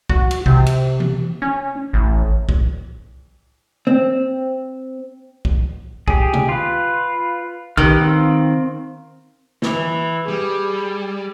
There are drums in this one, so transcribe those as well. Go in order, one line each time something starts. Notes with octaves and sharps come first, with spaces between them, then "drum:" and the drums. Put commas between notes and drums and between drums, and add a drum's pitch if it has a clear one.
F#4, drum: kick
drum: cymbal
C3, drum: kick
drum: cymbal
drum: tom E3
C#4
A1
drum: kick
C4
drum: kick
G4 G#4, drum: kick
drum: tom B2
F4 B4
D#3 G4 B4 F6, drum: kick
C4 F5 E6
E3, drum: snare
G3 G#4